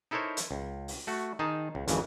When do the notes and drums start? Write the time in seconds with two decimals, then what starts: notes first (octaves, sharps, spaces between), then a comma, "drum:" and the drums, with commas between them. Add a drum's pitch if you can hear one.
0.11 D#4 E4 A4 A#4 C5 C#5
0.37 drum: hi-hat
0.51 C#2
0.88 drum: open hi-hat
1.07 A3 F#4
1.39 D#3 D#4 G#4 A5
1.75 C#2
1.88 G#1 F2 C#3 E3, drum: hi-hat